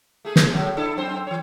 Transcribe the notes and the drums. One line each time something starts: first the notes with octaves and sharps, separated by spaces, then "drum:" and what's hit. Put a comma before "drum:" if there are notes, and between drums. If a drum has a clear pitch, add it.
A3 G#4
drum: snare
A2 F#3 A3
D4 E4 A4
F#2 C4 C5
E3 C#5